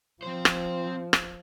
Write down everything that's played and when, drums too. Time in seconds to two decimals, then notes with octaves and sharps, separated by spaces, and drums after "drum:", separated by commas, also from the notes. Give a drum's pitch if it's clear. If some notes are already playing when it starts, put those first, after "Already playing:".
0.23 F3 C4 C5
0.45 drum: rim click
1.13 drum: rim click